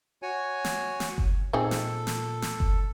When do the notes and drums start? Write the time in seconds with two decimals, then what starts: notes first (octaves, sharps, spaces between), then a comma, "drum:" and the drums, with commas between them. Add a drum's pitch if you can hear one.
0.22 F#4 C#5 G#5
0.65 drum: snare
1.00 drum: snare
1.18 drum: kick F#1
1.53 A#2 C4 D#4 G#4 A4
1.71 drum: snare
2.07 drum: snare
2.42 drum: snare
2.60 drum: kick F#1